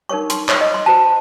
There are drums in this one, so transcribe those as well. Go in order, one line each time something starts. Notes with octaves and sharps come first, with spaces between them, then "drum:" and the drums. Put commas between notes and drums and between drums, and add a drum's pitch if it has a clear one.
D#4 A#4 C#5 C#6
C6, drum: hi-hat
C#5, drum: clap
D#5
C6
F#4 C5 A5